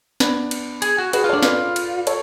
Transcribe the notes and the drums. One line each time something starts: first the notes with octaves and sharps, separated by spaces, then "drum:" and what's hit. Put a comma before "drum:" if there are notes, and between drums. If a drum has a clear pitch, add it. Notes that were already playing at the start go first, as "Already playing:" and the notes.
B3 D4, drum: snare
drum: cymbal
G#4, drum: cymbal
F#4
F#4 G#4 B4, drum: cymbal
F4
D4 A4 C#5
F4 B4 D5, drum: snare
drum: cymbal
A4 C#5, drum: cymbal